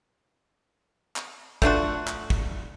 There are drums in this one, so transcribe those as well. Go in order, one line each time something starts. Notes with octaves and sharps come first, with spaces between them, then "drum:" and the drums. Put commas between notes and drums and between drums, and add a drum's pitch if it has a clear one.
drum: clap
A3 D4 F4 F#4, drum: kick
drum: clap
drum: kick